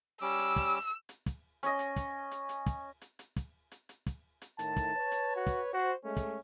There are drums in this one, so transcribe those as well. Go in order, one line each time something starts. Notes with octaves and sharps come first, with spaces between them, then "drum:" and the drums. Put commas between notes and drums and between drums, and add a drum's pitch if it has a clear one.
G3 C#4 D6 E6
drum: hi-hat
drum: kick, hi-hat
drum: hi-hat
drum: kick, hi-hat
C#4 D#5, drum: hi-hat
drum: hi-hat
drum: kick, hi-hat
drum: hi-hat
drum: hi-hat
drum: kick, hi-hat
drum: hi-hat
drum: hi-hat
drum: kick, hi-hat
drum: hi-hat
drum: hi-hat
drum: kick, hi-hat
drum: hi-hat
A2 D#3 A5, drum: hi-hat
drum: kick, hi-hat
B4 C#5
drum: hi-hat
F#4
drum: kick, hi-hat
F#4 C5
G#3 A3 C#4
drum: kick, hi-hat